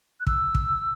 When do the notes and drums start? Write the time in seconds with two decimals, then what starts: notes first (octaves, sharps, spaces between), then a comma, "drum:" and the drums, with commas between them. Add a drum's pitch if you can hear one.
0.20 F#6
0.27 E6, drum: kick
0.55 drum: kick